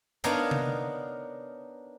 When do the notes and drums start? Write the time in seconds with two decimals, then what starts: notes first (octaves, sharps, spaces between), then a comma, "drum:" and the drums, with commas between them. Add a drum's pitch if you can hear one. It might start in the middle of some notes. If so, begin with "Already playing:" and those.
0.24 B3 D4 D#4 A#4 C#5 F5, drum: hi-hat
0.51 drum: tom C3